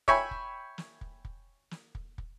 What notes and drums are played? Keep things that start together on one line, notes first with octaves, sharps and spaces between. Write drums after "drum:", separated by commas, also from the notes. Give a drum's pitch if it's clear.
C#5 E5 G5 G#5 B5, drum: kick
drum: kick
drum: snare
drum: kick
drum: kick
drum: snare
drum: kick
drum: kick